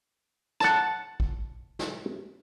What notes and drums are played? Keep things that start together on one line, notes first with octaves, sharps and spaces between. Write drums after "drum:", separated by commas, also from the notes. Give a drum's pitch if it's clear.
F#5 A5, drum: snare
drum: kick
drum: snare